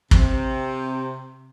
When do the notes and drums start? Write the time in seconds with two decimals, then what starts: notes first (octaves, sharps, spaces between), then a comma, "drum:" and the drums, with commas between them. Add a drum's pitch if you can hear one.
0.11 C3, drum: kick